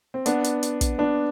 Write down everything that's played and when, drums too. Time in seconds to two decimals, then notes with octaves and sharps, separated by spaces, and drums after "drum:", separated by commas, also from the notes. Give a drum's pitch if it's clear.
0.14 C4
0.26 B3 D4, drum: hi-hat
0.44 drum: hi-hat
0.63 drum: hi-hat
0.81 drum: kick, hi-hat
0.99 B3 D4